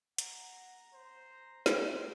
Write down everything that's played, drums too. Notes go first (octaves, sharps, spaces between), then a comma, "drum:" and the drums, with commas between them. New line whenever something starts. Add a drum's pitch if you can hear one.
F#5 A#5, drum: hi-hat
C5
C5 G5, drum: snare